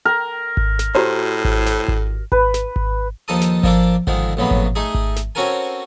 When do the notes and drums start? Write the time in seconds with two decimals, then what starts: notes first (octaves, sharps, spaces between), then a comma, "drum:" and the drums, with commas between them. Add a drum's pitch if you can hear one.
0.05 A#4
0.57 drum: kick G#1
0.79 drum: snare
0.95 A2 F#4 G4 C5 A#5
1.45 drum: kick G#1
1.66 drum: snare
1.88 drum: kick G#1
2.32 B4, drum: kick G#1
2.54 drum: snare
2.76 drum: kick G#1
3.28 D#2 F3 D#4 A4 A5 D#6
3.41 drum: snare
3.63 F3 A#3 D4 A4 D6, drum: kick G#1
4.07 D3 D#3 F3 G#3, drum: kick G#1
4.37 A#1 A2 C#3 F#3 B3
4.51 drum: kick G#1
4.75 A3 D#4 G#4
4.95 drum: kick G#1
5.16 drum: snare
5.35 C4 C#4 F#4 A4 A#4 G#5